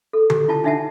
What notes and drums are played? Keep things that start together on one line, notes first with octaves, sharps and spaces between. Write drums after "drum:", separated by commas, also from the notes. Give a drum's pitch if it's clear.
A4
G4, drum: tom D3
E4 F4 A5
D4 D#4 E5 F#5 A5